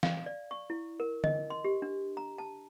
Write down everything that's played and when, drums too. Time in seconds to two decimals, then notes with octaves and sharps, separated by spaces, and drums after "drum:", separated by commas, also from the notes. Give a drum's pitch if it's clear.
0.03 F5, drum: snare E3
0.26 D5
0.51 C#6
0.70 E4
1.00 A#4
1.24 D#5, drum: tom D3
1.50 C6
1.65 G4
1.82 D4
2.17 A#5
2.38 A5